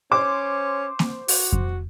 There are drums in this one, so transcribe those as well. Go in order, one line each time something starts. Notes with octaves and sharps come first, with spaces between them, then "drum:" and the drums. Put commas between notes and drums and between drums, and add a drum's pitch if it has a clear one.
C#4 C5 D6
drum: snare A#3
F#4, drum: open hi-hat
drum: kick F2